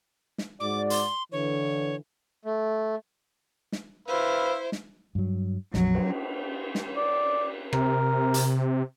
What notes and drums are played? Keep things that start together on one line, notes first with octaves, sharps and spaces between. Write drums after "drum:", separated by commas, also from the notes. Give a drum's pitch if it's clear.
drum: snare
G#2 F#4 D5 D6
C6, drum: hi-hat
D3 E3 C#5
A3
drum: snare
E4 B4 C5 F5 E6
drum: snare
G2 F#3
A#1 F2 F#3, drum: snare
drum: cymbal
drum: snare
D5
C3 A#4, drum: rim click
drum: hi-hat